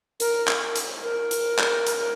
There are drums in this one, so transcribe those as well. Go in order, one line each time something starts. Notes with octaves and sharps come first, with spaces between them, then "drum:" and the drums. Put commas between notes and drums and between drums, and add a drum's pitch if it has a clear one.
A#4, drum: hi-hat
drum: clap
drum: hi-hat
A#4
drum: hi-hat
drum: clap
drum: hi-hat